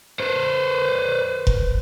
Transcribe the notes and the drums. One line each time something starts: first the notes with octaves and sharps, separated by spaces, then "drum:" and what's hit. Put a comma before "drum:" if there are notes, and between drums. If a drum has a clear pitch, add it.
B4 C5
drum: kick F1